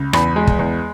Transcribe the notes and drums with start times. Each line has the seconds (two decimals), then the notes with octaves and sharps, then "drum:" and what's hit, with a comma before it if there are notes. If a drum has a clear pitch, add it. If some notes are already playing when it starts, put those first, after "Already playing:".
Already playing: C#2
0.13 E2 B5, drum: rim click
0.36 G#3
0.47 drum: kick
0.59 E2